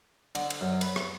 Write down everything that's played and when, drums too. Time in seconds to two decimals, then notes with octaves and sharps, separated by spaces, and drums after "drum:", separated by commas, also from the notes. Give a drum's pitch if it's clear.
0.35 D3, drum: cymbal
0.50 drum: cymbal
0.61 F#2
0.81 B4, drum: cymbal
0.96 drum: rim click